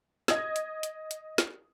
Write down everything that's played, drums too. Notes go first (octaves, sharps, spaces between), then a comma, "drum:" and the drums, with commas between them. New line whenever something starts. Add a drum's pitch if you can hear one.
D#5 D#6 G#6, drum: snare
drum: hi-hat
drum: hi-hat
drum: hi-hat
drum: snare